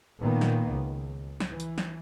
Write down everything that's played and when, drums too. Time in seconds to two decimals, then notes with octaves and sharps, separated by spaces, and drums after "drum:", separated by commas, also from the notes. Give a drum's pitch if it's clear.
0.19 A#2 D#3 A#3 B3
0.41 drum: snare
0.69 C#2
1.40 drum: snare
1.50 E3
1.60 drum: hi-hat
1.78 drum: snare